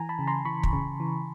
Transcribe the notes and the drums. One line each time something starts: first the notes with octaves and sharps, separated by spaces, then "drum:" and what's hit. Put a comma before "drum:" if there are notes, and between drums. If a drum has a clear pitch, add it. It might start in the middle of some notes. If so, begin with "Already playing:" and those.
Already playing: E3 G#5 A#5
A5 B5
C#3
A#5 C6
E3 B5 C#6
drum: kick
C#3
E3